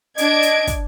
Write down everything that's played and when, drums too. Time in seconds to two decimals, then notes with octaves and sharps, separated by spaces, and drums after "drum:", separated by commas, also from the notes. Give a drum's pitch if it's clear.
0.18 D4 D#5 G#6 D7, drum: hi-hat
0.43 drum: hi-hat
0.67 drum: kick, hi-hat